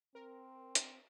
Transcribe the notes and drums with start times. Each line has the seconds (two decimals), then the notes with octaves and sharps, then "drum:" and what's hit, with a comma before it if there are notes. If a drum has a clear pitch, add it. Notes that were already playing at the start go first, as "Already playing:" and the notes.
0.15 C4 A#4
0.75 drum: hi-hat